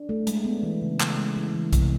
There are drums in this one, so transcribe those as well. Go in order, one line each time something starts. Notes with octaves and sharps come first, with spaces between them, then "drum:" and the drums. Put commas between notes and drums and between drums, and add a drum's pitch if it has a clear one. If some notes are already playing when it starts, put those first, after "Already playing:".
Already playing: D4
A3
G#3, drum: hi-hat
B3
E3
C#3
C#3, drum: clap
G#3
E3
E3
C3, drum: kick B1, hi-hat